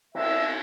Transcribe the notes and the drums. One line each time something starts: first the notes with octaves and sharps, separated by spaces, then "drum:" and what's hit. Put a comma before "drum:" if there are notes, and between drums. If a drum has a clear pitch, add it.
E5, drum: cymbal